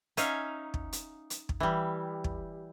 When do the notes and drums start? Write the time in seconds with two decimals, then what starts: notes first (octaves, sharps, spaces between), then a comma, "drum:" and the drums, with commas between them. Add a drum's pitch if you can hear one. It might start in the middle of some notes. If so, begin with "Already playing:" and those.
0.17 C#4 D#4 E5 F5 G#5 A#5, drum: hi-hat
0.74 drum: kick
0.93 drum: hi-hat
1.30 drum: hi-hat
1.49 drum: kick
1.60 E3 G3
2.24 drum: kick